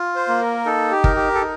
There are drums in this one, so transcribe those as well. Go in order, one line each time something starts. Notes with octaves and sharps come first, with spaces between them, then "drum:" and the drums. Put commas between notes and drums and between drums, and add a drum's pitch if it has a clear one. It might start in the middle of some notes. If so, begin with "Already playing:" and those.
Already playing: F4
C5
A#3
A#4
D#4 A4
G4
A#4, drum: kick G1
G4
A4
D#4